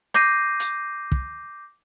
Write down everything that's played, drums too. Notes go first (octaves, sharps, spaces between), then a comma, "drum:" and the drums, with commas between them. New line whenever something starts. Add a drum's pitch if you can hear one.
D6 G6 A#6 C7 D#7, drum: rim click
drum: hi-hat
drum: kick